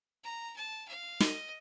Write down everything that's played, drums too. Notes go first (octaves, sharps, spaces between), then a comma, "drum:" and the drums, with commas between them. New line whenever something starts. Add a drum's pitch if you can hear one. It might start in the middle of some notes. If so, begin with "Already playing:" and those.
A#5
A5
F5
D#5, drum: snare